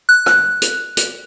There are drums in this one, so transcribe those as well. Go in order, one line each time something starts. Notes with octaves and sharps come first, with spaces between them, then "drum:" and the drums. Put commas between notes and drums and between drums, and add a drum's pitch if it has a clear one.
F#6
drum: rim click
drum: hi-hat
drum: hi-hat